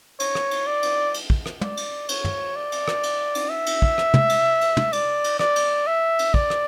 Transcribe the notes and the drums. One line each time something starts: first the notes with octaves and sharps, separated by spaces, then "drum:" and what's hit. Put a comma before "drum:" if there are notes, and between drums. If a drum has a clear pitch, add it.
C#5, drum: cymbal
drum: rim click
drum: cymbal
D5
drum: cymbal
drum: cymbal
drum: kick
drum: rim click
D5, drum: tom
drum: cymbal
C#5, drum: cymbal
drum: tom
D5
drum: cymbal
drum: rim click
drum: cymbal
drum: cymbal
E5
drum: cymbal
drum: kick
drum: rim click
drum: tom
drum: cymbal
drum: cymbal
drum: tom
D5, drum: cymbal
drum: cymbal
D5, drum: rim click
drum: cymbal
E5
drum: cymbal
D5, drum: kick
drum: rim click